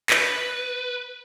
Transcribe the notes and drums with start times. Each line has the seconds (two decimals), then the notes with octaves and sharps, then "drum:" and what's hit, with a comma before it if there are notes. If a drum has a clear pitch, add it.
0.10 B4, drum: clap